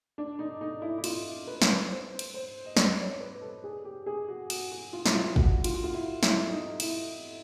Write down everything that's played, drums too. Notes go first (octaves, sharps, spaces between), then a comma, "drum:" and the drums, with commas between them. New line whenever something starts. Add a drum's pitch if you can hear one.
D4
D#4
D#4
E4
E4
F4, drum: cymbal
B4
drum: snare
C5
drum: cymbal
C5
D#5
D5, drum: snare
C#5
B4
A4
G#4
G4
G#4
F#4
F#4, drum: cymbal
F#4
F4
E4, drum: snare
F4
F#4, drum: kick
F4, drum: cymbal
F#4
F4
E4
E4, drum: snare
D#4
E4, drum: cymbal